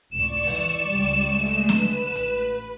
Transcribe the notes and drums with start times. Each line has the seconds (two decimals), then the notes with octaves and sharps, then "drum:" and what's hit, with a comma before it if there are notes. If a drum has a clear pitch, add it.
0.12 F1 C#2 A2 D5 C#6 E7
0.47 E3, drum: open hi-hat
0.91 C#2 G3
1.27 G#3 A3
1.69 D3 B4, drum: snare
2.15 A1, drum: hi-hat